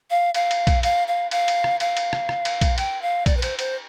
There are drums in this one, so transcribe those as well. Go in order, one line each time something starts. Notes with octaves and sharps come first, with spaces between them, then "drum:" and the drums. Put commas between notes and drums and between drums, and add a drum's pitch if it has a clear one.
F5
F5, drum: cymbal
drum: cymbal
drum: kick A#1, cymbal
F5, drum: cymbal
F5
F5, drum: cymbal
drum: cymbal
drum: rim click
F5, drum: cymbal
drum: cymbal
drum: rim click
drum: rim click
drum: cymbal
drum: kick A#1, cymbal
G5, drum: cymbal
F5
D5, drum: kick A#1, cymbal
B4
C5, drum: cymbal
C5, drum: cymbal